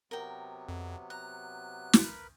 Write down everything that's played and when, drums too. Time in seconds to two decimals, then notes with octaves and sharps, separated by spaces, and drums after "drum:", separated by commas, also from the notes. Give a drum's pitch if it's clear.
0.11 C3 F#3 B3 A#4 G5
0.69 F2
1.10 A#5 F#6
1.93 drum: snare
2.03 A#4 B4 B5